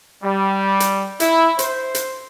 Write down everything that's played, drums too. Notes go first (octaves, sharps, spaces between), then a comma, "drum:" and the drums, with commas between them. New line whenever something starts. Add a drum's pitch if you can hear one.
G3
drum: hi-hat
E4, drum: hi-hat
C5, drum: hi-hat
drum: hi-hat